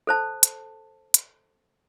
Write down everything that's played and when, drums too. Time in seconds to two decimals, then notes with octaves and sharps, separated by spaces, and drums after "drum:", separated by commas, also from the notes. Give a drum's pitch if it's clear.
0.07 A4 C5 A5
0.43 drum: hi-hat
1.14 drum: hi-hat